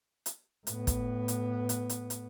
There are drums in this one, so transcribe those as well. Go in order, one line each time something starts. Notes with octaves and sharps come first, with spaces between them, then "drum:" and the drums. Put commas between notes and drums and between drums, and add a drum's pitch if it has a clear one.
drum: hi-hat
A2 B3, drum: hi-hat
drum: kick, hi-hat
drum: hi-hat
drum: hi-hat
drum: hi-hat
drum: hi-hat